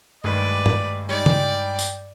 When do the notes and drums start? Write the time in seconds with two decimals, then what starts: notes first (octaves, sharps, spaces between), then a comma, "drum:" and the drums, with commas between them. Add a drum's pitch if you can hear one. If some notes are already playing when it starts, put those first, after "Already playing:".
0.24 G2 D#3 G#3 A3 B4 D5
0.66 drum: tom
1.09 G3 G#3 D#4 D5 G5
1.26 drum: tom
1.79 drum: tambourine